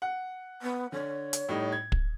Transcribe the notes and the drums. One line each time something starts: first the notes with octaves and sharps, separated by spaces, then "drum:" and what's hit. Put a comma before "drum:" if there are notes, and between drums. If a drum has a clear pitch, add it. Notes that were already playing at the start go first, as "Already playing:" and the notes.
F#5
B3
D3 C#5
drum: hi-hat
A2 G3 D#4
G#6
drum: kick